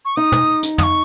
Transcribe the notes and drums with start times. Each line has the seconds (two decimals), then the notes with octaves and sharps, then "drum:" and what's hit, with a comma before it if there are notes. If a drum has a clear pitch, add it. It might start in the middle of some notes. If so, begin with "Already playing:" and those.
0.05 C#6
0.16 D#4 D#6
0.32 drum: tom
0.63 drum: hi-hat
0.78 D#6, drum: tom
0.83 C#6